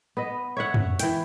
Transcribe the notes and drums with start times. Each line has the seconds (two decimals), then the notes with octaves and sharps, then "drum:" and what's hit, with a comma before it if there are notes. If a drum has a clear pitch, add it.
0.17 B3 D#5
0.57 C#5 E5 F#5
0.74 drum: tom
0.99 E3 G5, drum: hi-hat